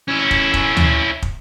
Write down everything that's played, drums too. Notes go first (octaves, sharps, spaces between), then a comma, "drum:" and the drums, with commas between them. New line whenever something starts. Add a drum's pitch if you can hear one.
C#4 E4
drum: kick
drum: kick
drum: tom D2
drum: kick